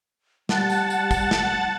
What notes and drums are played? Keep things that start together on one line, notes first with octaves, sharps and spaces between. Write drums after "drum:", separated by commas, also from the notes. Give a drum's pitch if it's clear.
G3 F#5 A5 A6, drum: snare
drum: tambourine
drum: tambourine
drum: kick, tambourine
drum: snare